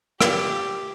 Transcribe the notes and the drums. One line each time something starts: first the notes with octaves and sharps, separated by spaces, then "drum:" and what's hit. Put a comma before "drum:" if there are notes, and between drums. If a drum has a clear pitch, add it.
G4, drum: rim click